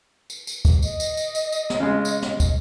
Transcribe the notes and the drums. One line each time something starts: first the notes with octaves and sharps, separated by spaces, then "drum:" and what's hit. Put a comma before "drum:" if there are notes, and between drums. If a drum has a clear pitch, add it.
drum: tambourine
drum: tambourine
drum: kick, tambourine
D#5, drum: tambourine
drum: tambourine
drum: tambourine
drum: tambourine
drum: tambourine
drum: snare
C#3 G#3
drum: tambourine
drum: snare
drum: kick, tambourine